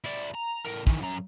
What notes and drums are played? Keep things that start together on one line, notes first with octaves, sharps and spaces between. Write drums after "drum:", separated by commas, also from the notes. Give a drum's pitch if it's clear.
E4 D5
A#5
A2 A#4
D#3 E3, drum: kick
F#2 A#5